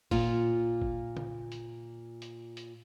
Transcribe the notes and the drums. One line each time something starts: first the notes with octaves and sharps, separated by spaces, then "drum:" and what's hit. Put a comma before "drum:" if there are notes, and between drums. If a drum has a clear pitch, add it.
A#2 F4, drum: kick G1, open hi-hat
drum: kick G1
drum: tom
drum: hi-hat
drum: hi-hat
drum: hi-hat